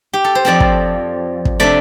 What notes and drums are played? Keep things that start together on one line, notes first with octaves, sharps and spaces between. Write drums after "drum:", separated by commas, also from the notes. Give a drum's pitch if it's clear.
G4
A4
C5
F2 F3 C4 A4 D5
drum: kick
drum: kick
C3 A3 D4 A4 D5